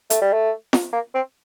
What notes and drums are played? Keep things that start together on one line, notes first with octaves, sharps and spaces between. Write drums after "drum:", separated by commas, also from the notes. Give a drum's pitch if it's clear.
A3, drum: hi-hat
G3
A3
drum: snare
A#3
C4